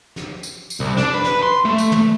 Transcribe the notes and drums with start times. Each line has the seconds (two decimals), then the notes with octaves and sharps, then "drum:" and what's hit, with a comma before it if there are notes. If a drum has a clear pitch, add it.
0.16 drum: snare
0.43 drum: tambourine
0.70 drum: tambourine
0.80 C2
0.97 D4, drum: snare
1.14 B4
1.24 drum: snare
1.43 C6
1.65 A3
1.78 drum: tambourine
1.92 drum: tom